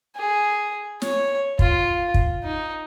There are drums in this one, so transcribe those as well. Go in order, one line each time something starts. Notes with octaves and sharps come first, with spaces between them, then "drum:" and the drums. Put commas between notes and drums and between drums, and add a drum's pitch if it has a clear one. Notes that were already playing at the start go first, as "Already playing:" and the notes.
G#4
C#5, drum: snare
F4, drum: kick
drum: kick
D#4